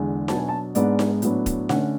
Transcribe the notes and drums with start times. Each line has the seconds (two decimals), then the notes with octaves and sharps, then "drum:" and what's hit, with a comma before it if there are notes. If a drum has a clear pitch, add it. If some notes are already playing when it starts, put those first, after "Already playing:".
Already playing: E2 D3 G#3
0.28 B2 F#3 B3 D4 A5, drum: snare D#4
0.38 G#5
0.49 A5
0.75 G#2 G#3 B3 D4 D5, drum: hi-hat
0.99 drum: snare D#4
1.22 A2 F#3 B3 D4, drum: hi-hat
1.46 drum: kick D#1, hi-hat
1.69 D3 A3 C#4 F#5, drum: snare D#4